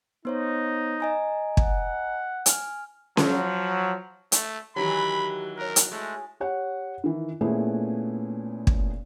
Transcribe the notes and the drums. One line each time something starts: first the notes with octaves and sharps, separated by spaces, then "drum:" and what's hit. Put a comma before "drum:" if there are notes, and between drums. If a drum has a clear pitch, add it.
B3 D#4 C5 C#5
D#5 G#5 A#5
F#5, drum: kick
G#5 F6, drum: hi-hat
F3 F#3, drum: snare C#4
A3, drum: hi-hat
D#3 E3 F#3 G4 A#5 B5
A#4 C#5 F#6
drum: hi-hat
G#3 A3
G4 C#5 F#5
D#3 E3
A#2 A3 B3 C#4 E4 G#4
drum: kick